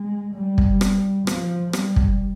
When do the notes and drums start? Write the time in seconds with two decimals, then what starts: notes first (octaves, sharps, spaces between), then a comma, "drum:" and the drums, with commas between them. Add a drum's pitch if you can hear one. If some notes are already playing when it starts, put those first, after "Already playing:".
Already playing: G#3
0.35 G3
0.58 drum: kick
0.81 drum: rim click
1.27 F3, drum: rim click
1.73 G3, drum: rim click
1.96 drum: kick